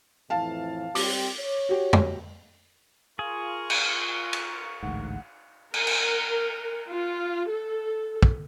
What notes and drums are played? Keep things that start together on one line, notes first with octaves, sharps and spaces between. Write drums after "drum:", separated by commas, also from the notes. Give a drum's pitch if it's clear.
F2 A2 E3 F5 A5
G3 C4 G4 D6, drum: open hi-hat
C#5
F#4 G4
drum: tom
F4 G#4 A#4 C#6 F6
drum: cymbal
drum: cymbal
A1 D2 G#2 F#5
A#4, drum: cymbal
drum: cymbal
F4
A4
drum: kick